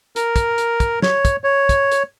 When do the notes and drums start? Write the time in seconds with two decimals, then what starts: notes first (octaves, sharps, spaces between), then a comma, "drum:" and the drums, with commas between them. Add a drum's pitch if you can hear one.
0.16 A#4, drum: hi-hat
0.36 drum: kick, hi-hat
0.58 drum: hi-hat
0.80 drum: kick, hi-hat
1.02 C#5, drum: snare
1.25 drum: kick, hi-hat
1.44 C#5
1.69 drum: kick, hi-hat
1.92 drum: hi-hat